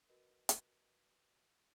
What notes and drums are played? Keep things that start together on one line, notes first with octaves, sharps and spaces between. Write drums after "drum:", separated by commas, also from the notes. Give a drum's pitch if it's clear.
F#4 A#4 B4 D#5
drum: hi-hat